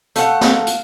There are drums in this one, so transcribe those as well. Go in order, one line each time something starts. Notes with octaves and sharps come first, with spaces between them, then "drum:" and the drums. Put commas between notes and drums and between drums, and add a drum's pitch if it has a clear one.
A3 F5 F#5, drum: hi-hat
drum: snare
drum: hi-hat